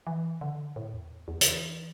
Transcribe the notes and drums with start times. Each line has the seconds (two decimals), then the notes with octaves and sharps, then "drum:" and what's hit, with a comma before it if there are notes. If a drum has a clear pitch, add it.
0.07 E3
0.41 D3
0.76 A2
0.93 E2
1.28 E2
1.41 D3, drum: hi-hat
1.46 E3